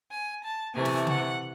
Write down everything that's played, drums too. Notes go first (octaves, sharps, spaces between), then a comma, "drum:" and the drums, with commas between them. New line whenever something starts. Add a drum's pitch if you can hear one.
G#5
A5
C3 E3 A3 G#5
drum: snare
F#5, drum: tom